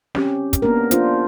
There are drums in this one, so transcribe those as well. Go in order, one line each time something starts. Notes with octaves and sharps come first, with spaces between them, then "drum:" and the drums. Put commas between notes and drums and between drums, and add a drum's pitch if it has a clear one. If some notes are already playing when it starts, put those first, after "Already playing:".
C4 C#4 G4, drum: snare
drum: kick, hi-hat
A#3 B3 D4 A#4
D4 F4 C5, drum: hi-hat